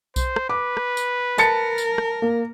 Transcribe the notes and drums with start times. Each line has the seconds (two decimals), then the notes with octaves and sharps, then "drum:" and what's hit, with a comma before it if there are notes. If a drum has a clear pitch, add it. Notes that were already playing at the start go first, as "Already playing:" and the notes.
0.16 C5, drum: kick B1, tambourine
0.36 drum: rim click
0.49 B4 D6
0.77 drum: rim click
0.97 drum: tambourine
1.38 A#4 A5 A6 C#7, drum: tambourine
1.78 drum: tambourine
1.98 drum: rim click
2.22 A#3